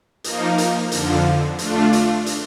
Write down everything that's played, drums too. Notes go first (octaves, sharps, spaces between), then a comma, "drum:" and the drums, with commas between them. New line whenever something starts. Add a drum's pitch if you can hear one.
F3 A#3 D#4, drum: hi-hat
drum: hi-hat
F2 D3 F3, drum: hi-hat
A3 D4 F4, drum: hi-hat
drum: hi-hat
drum: hi-hat